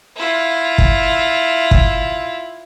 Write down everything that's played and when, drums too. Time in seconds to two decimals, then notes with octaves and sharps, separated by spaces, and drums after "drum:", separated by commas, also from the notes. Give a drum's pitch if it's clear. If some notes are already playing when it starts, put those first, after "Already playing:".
0.16 E4 F4
0.78 drum: kick
1.71 drum: kick